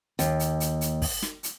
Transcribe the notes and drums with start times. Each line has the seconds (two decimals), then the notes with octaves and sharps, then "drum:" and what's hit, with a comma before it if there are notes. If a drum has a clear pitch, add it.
0.19 D#2, drum: hi-hat
0.40 drum: hi-hat
0.60 drum: hi-hat
0.81 drum: hi-hat
1.02 drum: kick, open hi-hat
1.22 drum: snare
1.43 drum: hi-hat